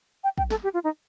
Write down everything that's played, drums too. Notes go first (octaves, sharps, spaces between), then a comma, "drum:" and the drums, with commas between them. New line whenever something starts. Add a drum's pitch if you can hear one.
G5
G5, drum: kick
A4, drum: snare
G4
F4
D#4